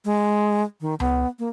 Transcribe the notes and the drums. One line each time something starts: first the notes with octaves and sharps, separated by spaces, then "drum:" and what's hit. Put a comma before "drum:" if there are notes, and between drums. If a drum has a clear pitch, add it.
G#3
D#3
B3, drum: tom C#2
A#3